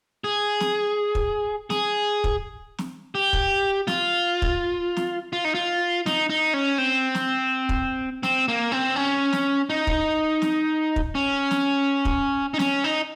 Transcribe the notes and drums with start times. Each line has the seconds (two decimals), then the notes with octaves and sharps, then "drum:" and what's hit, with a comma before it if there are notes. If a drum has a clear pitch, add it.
0.24 G#4
0.60 drum: snare
1.15 drum: kick
1.70 G#4, drum: snare
2.24 drum: kick
2.78 drum: snare
3.15 G4
3.33 drum: kick
3.87 F4, drum: snare
4.42 drum: kick
4.97 drum: snare
5.33 F4
5.45 D#4
5.55 F4
6.06 D#4, drum: snare
6.30 D#4
6.54 C#4
6.78 C4
7.15 drum: snare
7.69 drum: kick
8.23 C4, drum: snare
8.48 A#3
8.72 C4
8.96 C#4
9.33 drum: snare
9.70 D#4
9.87 drum: kick
10.42 drum: snare
10.96 drum: kick
11.15 C#4
11.51 drum: snare
12.05 drum: kick
12.54 D#4
12.59 C#4, drum: snare
12.84 D#4